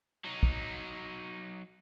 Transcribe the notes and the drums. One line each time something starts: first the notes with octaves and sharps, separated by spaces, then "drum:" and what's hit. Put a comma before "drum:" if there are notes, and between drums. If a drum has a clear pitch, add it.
F#3 D#4
drum: kick